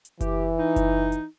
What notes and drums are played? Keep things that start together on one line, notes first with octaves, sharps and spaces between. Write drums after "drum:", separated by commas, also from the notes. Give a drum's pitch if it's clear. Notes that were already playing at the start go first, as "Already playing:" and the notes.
drum: hi-hat
E3 G4, drum: kick F#1, hi-hat
D#4
drum: kick F#1, hi-hat
drum: hi-hat